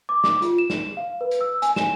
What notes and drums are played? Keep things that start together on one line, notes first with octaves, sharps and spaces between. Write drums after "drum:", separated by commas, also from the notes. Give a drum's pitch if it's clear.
D6
D6, drum: snare
F4, drum: hi-hat
E7
drum: snare
F5
B4
drum: hi-hat
E6
G#5, drum: hi-hat
E7, drum: snare